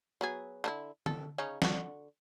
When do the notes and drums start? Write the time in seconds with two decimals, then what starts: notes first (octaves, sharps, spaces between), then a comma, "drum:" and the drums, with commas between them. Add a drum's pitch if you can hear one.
0.21 F#3 B3 G#4
0.64 D3 D4 E4
1.06 A4, drum: tom D3
1.38 C#3 C#4 D#4
1.62 D3 F#4, drum: snare